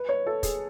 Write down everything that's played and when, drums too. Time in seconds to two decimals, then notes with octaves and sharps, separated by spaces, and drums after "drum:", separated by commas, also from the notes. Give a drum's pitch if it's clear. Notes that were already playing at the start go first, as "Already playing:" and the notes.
Already playing: B4
0.09 C#5
0.26 A4
0.43 G#4, drum: kick, hi-hat